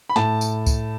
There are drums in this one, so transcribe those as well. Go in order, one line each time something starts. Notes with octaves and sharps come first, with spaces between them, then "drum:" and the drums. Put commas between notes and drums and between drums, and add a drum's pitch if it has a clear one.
B5
A2 A5, drum: snare
drum: tambourine
drum: kick C2, tambourine